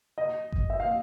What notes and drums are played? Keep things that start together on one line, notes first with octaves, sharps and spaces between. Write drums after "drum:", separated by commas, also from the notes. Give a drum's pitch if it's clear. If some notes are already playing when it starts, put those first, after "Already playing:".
D#5
drum: kick G1
E5
F5